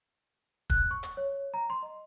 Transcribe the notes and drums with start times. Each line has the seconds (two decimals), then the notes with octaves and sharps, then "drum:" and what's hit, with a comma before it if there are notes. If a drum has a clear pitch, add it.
0.70 F#6, drum: kick
0.91 C#6
1.03 drum: hi-hat
1.17 C#5
1.54 A#5
1.70 C6
1.83 D#5